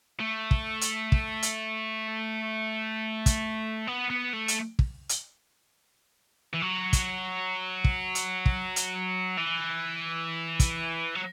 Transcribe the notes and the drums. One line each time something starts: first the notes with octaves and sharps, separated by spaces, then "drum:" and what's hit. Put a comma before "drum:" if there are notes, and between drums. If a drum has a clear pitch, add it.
A3
drum: kick
drum: hi-hat
drum: kick
drum: hi-hat
drum: kick, hi-hat
B3
B3
A3
drum: hi-hat
drum: kick
drum: hi-hat
E3
F#3
drum: kick, hi-hat
drum: kick
drum: hi-hat
drum: kick
drum: hi-hat
E3
drum: kick, hi-hat
F#3